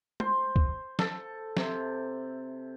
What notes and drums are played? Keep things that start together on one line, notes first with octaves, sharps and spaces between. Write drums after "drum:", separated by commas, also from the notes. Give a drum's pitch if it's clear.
C5, drum: tom
drum: kick
A4, drum: snare
C3, drum: snare